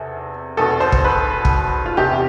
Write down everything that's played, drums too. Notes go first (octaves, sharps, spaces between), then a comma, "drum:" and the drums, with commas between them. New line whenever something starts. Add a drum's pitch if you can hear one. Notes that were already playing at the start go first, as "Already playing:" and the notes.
Already playing: E2 C3 A4
E2 B2 A4
C5
drum: kick
B4
drum: kick
F4
E2 C3 E3 G4